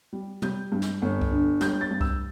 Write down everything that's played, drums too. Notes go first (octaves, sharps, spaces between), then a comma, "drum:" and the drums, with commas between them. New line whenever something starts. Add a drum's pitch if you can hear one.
G3
G3 G6, drum: tom
G2
drum: snare
G1
drum: kick C2
D3
G3 G6, drum: snare
A6
G2
E6, drum: kick C2